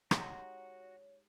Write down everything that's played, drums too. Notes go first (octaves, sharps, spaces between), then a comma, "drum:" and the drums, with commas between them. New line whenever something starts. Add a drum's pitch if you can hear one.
G#3 D#4 F#4 G4 C#5 F#5 A#5, drum: rim click